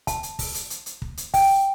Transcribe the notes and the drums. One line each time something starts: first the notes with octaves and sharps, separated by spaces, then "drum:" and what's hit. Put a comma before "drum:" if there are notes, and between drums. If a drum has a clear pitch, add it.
A5, drum: kick, hi-hat
drum: hi-hat
drum: kick, open hi-hat
drum: hi-hat
drum: hi-hat
drum: hi-hat
drum: kick
drum: hi-hat
G5, drum: kick, open hi-hat